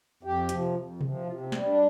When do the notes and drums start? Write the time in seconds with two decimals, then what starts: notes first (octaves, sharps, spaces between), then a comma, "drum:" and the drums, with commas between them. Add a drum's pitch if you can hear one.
0.23 F2 G4
0.49 C3 F3, drum: hi-hat
0.75 F2
1.01 C3 F3, drum: tom C3
1.26 C3 F4
1.40 C4
1.52 G3 C4, drum: snare
1.65 D4